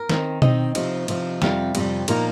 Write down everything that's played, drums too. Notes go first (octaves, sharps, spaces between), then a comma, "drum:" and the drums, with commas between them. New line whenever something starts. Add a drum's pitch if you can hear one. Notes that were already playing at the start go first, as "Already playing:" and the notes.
Already playing: A#4
D#3 C4 D#4, drum: snare
D#3 C4 D#4 D#5, drum: tom B2
C3 F3 D#4, drum: cymbal
C3 F3 D#4, drum: cymbal
F2 C3 G3 F5, drum: snare
F2 C3 G3, drum: cymbal
A#2 F3 A#3 D#4 A#4, drum: cymbal